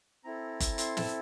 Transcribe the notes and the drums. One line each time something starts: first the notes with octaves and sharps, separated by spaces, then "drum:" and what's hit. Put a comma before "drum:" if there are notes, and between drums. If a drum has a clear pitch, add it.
C4 E4 A4 A#5
drum: kick F#1, hi-hat
C6, drum: hi-hat
A5, drum: snare